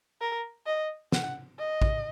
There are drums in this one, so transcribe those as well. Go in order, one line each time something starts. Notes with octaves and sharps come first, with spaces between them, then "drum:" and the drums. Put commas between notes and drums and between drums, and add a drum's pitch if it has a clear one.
A#4
D#5
F#5, drum: snare
D#5
drum: kick